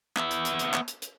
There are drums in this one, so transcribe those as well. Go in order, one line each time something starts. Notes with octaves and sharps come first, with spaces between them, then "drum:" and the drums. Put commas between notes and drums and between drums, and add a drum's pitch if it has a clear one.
B3 E5, drum: clap
drum: hi-hat
drum: hi-hat
drum: hi-hat
drum: clap
drum: hi-hat
drum: hi-hat